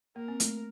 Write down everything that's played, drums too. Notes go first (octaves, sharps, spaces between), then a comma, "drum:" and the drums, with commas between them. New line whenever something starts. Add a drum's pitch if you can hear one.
A#3 A#4
C4
A3, drum: hi-hat